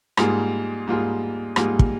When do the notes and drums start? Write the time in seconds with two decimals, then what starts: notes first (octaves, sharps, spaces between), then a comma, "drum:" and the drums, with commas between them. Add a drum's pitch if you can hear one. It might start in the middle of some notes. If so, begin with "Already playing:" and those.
0.17 G#2 G3 A#3 F4 G#4, drum: rim click
0.87 G#2 G3 A#3 F4 G#4
1.56 G#2 G3 A#3 F4 G#4, drum: rim click
1.79 drum: kick